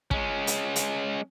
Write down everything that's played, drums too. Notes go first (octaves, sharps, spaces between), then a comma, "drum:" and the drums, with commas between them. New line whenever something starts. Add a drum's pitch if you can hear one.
G#3 C#4, drum: kick
drum: hi-hat
drum: hi-hat